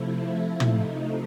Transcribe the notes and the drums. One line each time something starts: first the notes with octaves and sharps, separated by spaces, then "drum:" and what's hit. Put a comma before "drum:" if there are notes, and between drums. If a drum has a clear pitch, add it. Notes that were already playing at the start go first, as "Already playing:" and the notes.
Already playing: C3 F3 A3 E4
D#4, drum: tom